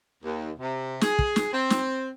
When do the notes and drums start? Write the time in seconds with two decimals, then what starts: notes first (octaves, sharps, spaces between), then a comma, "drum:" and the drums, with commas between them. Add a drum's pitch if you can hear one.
0.23 D#2
0.59 C3
1.01 G#4, drum: snare
1.19 drum: kick
1.36 drum: snare
1.53 C4
1.70 drum: snare